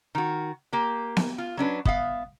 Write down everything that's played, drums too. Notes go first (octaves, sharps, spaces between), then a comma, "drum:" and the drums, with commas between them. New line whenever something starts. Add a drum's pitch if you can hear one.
D#3 F#4
A#3 G4
drum: snare B3
F4
F#3 C#4 D4 B4
B3 E5 F5, drum: kick